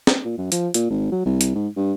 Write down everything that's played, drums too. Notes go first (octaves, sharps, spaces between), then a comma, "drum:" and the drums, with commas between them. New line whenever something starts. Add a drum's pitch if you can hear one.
drum: snare
A#2
F#2
F3, drum: hi-hat
A#2, drum: hi-hat
G#1
F#3
C2
drum: hi-hat
G#2
G2